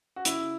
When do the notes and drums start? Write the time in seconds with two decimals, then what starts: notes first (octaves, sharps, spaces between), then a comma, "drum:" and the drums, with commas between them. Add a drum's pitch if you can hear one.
0.16 F#4
0.25 C#3 E4, drum: hi-hat